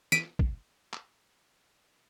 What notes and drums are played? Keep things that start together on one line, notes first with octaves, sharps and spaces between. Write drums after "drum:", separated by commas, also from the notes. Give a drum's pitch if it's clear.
B6 D7 D#7, drum: snare
drum: kick
drum: clap